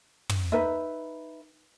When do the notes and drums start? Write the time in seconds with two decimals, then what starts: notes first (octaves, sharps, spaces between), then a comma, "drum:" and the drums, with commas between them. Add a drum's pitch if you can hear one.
0.29 drum: tom
0.52 D#4 B4 E5